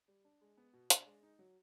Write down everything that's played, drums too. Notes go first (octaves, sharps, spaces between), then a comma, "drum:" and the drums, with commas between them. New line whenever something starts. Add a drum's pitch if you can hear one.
G3
D4
G#3
B3
B2
D4, drum: hi-hat
G#3
D#4
F#3